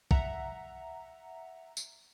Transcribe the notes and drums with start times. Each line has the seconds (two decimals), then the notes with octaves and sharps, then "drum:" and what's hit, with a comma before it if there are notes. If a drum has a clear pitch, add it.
0.11 E5 F#5 A#5, drum: kick
1.77 drum: tambourine